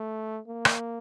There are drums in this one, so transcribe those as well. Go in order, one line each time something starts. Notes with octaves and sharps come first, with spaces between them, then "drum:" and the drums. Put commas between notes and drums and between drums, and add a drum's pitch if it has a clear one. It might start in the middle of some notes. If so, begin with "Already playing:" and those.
Already playing: A3
A#3
drum: rim click